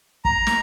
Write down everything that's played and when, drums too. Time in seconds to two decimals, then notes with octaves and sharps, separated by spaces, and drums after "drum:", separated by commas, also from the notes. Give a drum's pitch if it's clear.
0.25 A#5, drum: kick
0.47 drum: snare